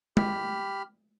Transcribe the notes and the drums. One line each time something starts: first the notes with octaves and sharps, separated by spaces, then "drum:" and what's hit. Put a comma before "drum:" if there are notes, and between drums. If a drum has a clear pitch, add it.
G4 B5 F6, drum: tom G#3